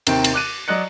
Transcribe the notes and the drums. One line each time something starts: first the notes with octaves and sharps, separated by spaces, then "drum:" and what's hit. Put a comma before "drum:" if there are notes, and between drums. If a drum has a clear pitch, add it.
D#2 C3 D#3 C4 G5, drum: cymbal
drum: cymbal
D6 F#6 D#7
F#3 D5 D#5 F#6 C#7